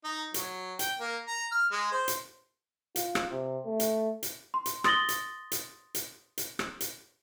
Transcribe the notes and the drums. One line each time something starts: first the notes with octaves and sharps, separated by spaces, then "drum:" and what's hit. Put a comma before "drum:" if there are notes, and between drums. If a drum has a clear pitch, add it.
D#4
F#3, drum: hi-hat
G5, drum: hi-hat
A#3
A#5
F6
G#3
C5
drum: hi-hat
F4, drum: hi-hat
drum: rim click
C3
A3
drum: hi-hat
drum: hi-hat
C6
drum: hi-hat
C6 D#6 A6 A#6 F#7 G7, drum: rim click
drum: hi-hat
drum: hi-hat
drum: hi-hat
drum: hi-hat
drum: rim click
drum: hi-hat